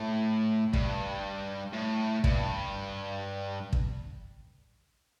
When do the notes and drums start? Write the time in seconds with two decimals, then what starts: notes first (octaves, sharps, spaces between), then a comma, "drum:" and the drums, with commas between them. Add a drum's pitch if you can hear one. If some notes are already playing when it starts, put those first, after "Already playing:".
Already playing: A2
0.73 G2, drum: kick
1.73 A2
2.24 G2, drum: kick
3.73 drum: kick